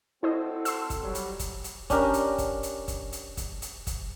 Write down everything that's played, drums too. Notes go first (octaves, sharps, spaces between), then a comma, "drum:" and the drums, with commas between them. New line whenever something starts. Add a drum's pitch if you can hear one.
C4 E4 F#4 A4 C5 D#5
C6 E6, drum: hi-hat
drum: kick, hi-hat
F#3 G3
drum: hi-hat
drum: kick, hi-hat
drum: hi-hat
C#4 D4 G4 A#4, drum: kick, hi-hat
drum: hi-hat
drum: kick, hi-hat
drum: hi-hat
drum: kick, hi-hat
drum: hi-hat
drum: kick, hi-hat
drum: hi-hat
drum: kick, hi-hat